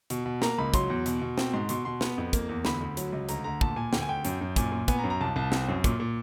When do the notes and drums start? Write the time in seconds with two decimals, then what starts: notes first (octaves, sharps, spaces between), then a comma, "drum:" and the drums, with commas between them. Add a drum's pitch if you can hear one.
0.10 B2, drum: hi-hat
0.26 B2
0.42 A#3 A#5, drum: snare
0.58 C#2 B5
0.74 F#3 C6, drum: kick, hi-hat
0.90 E2
1.06 B2, drum: hi-hat
1.21 B2
1.38 C4, drum: snare
1.53 G#2 C6
1.69 B2 C6, drum: hi-hat
1.85 B2 C6
2.01 B3, drum: snare
2.18 F2
2.33 A#3, drum: kick, hi-hat
2.49 E2
2.65 D2 B5, drum: snare
2.81 D2
2.97 F#3, drum: hi-hat
3.12 C#2
3.29 D2 A#5, drum: hi-hat
3.44 D2 A#5
3.61 A#2 A5, drum: kick
3.76 A#2 G#5
3.93 D2 G5, drum: snare
4.01 G#5
4.09 D2 G5
4.25 F#2, drum: hi-hat
4.41 F#2
4.56 A#2 G#5, drum: kick, hi-hat
4.72 A#2
4.88 B3 G#5, drum: kick, hi-hat
4.99 A#5
5.04 F#2
5.10 A#5
5.21 C2 A5
5.36 C2 A5
5.52 C4, drum: snare
5.68 F#2
5.84 A#2, drum: kick, hi-hat
6.00 A#2